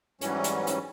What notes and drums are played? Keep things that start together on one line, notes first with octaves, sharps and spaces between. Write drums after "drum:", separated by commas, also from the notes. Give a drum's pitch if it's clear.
G#2 E3 F#3 G3 C#4, drum: hi-hat
drum: hi-hat
drum: hi-hat